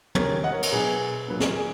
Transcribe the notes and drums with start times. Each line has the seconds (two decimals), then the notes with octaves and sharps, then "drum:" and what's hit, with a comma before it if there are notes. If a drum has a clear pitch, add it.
0.15 D#2 C#3 G#3 A#4 C#5, drum: tom
0.44 D#5 F#5
0.52 A#4 C#5
0.63 A#4, drum: cymbal
0.72 B2 F#3 B3 G#4 B4
1.28 A#2 F#3 A#3 B4
1.40 A#4, drum: snare
1.53 G#4